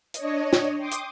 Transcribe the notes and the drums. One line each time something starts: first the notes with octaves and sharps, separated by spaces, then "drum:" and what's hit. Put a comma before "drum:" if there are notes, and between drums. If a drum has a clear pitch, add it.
D4 C#5 D#5, drum: hi-hat
drum: snare
G5 C6 D6 D#6
drum: hi-hat